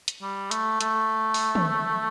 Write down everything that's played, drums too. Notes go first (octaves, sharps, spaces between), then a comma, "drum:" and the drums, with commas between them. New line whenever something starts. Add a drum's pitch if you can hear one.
drum: hi-hat
G3
A3, drum: hi-hat
A3, drum: hi-hat
drum: open hi-hat
drum: tom